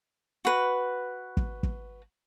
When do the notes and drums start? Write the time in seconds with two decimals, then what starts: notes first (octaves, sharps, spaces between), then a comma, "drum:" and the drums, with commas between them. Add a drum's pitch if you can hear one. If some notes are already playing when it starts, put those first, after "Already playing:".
0.45 F#4 B4
1.37 drum: kick
1.63 drum: kick